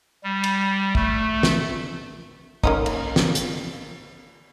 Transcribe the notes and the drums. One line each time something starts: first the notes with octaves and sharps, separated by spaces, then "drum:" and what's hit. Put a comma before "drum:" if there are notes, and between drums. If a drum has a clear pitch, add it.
G3
drum: cymbal
A3, drum: kick
drum: snare
A#3 C#4 D#4, drum: kick
drum: cymbal
drum: snare
drum: hi-hat